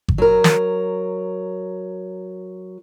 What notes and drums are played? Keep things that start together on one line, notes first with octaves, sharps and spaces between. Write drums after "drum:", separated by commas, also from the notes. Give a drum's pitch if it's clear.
drum: kick G#1
F#3 A#4
drum: snare